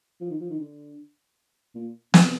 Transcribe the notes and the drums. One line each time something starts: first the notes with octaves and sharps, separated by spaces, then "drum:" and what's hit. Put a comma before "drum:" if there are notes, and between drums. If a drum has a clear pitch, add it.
F3
D#3
F3
D#3
D3
A#2
C3, drum: snare